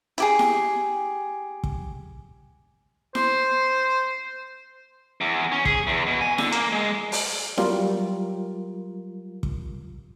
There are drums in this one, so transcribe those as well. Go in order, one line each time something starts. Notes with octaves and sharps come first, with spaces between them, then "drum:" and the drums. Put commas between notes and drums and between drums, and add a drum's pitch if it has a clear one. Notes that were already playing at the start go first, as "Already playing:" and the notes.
E4 G4 G#4, drum: hi-hat
drum: snare E4
drum: kick
C5, drum: snare E4
E2
C#4
G#4, drum: kick
E2
B2
G#5
D3, drum: snare E4
A#3, drum: hi-hat
G#3
drum: open hi-hat
F#3 G3 F4 A#4, drum: snare E4
drum: kick